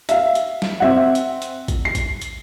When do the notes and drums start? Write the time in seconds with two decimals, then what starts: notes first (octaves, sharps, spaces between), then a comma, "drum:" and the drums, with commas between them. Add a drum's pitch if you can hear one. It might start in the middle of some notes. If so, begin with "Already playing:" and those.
0.09 E5 F5, drum: hi-hat
0.35 drum: hi-hat
0.62 drum: snare
0.80 C4 E5 F#5
1.15 drum: hi-hat
1.42 drum: hi-hat
1.68 drum: kick A1, hi-hat
1.85 C7
1.95 drum: kick A1, hi-hat
2.22 drum: hi-hat